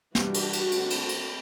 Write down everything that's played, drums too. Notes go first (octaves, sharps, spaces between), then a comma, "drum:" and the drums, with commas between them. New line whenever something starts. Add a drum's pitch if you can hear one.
E3 G3 D4 F#4, drum: snare
drum: cymbal
drum: cymbal
D3 A3 C4, drum: cymbal
drum: cymbal
drum: cymbal